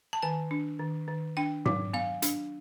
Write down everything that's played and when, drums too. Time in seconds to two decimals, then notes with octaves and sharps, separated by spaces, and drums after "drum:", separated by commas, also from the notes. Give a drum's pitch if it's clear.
0.13 A5
0.23 D#3 G#5
0.51 D4
0.79 D#3
1.08 D#3
1.37 D4 G5
1.66 F#3, drum: tom G#2
1.93 B3 F5
2.22 D4, drum: hi-hat